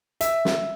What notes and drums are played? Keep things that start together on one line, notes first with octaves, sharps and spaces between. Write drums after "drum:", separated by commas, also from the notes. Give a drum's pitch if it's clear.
E5, drum: hi-hat
drum: snare